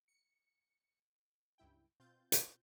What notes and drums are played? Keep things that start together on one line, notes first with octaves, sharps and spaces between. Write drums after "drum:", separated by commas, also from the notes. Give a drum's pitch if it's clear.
C#7
C#2 G2 E4 G5
B2 C4 F4 G6 A6
drum: hi-hat